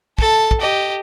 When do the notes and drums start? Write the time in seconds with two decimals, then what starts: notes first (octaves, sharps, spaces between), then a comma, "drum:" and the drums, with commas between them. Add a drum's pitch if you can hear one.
0.18 A4 A5, drum: kick
0.51 drum: kick
0.60 G4 D#5